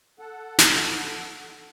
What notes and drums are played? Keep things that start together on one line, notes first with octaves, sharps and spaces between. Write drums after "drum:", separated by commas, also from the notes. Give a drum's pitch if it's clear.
A4 F#5
drum: snare